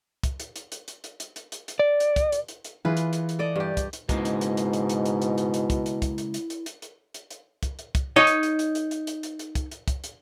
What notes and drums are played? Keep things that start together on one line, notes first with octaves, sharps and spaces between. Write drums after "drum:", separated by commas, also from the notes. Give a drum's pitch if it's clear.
drum: kick, hi-hat
drum: hi-hat
drum: hi-hat
drum: hi-hat
drum: hi-hat
drum: hi-hat
drum: hi-hat
drum: hi-hat
drum: hi-hat
drum: hi-hat
D5
drum: hi-hat
drum: kick, hi-hat
drum: hi-hat
drum: hi-hat
drum: hi-hat
E3 F4 G#4 B4
drum: hi-hat
drum: hi-hat
drum: hi-hat
A4 D5 D#5
G2 G4
drum: kick, hi-hat
drum: hi-hat
C#2 G#2 B2 G#3 A#3 E4, drum: kick, hi-hat
drum: hi-hat
drum: hi-hat
drum: hi-hat
drum: hi-hat
drum: hi-hat
drum: hi-hat
drum: hi-hat
drum: hi-hat
drum: hi-hat
drum: kick, hi-hat
drum: hi-hat
drum: kick, hi-hat
drum: hi-hat
drum: hi-hat
drum: hi-hat
drum: hi-hat
drum: hi-hat
drum: hi-hat
drum: hi-hat
drum: kick, hi-hat
drum: hi-hat
drum: kick, hi-hat
D#4 C#5 D#5
drum: hi-hat
drum: hi-hat
drum: hi-hat
drum: hi-hat
drum: hi-hat
drum: hi-hat
drum: hi-hat
drum: hi-hat
drum: kick, hi-hat
drum: hi-hat
drum: kick, hi-hat
drum: hi-hat